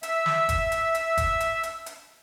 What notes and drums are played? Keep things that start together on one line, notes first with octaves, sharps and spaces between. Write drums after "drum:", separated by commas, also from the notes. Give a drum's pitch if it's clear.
E5 E6, drum: hi-hat
drum: snare
drum: kick, hi-hat
drum: hi-hat
drum: hi-hat
drum: kick, hi-hat
drum: hi-hat
drum: hi-hat
drum: hi-hat